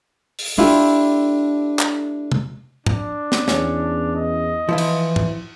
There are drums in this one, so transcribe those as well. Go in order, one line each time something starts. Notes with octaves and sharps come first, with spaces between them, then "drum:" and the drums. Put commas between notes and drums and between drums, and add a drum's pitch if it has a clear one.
drum: open hi-hat
A3 D4 E4 F4 G4 A4
drum: clap
drum: tom
D4, drum: tom G#2
drum: snare
E2 C#4, drum: snare
D#5
E3 F3 E4 F4
drum: cymbal
drum: tom G#2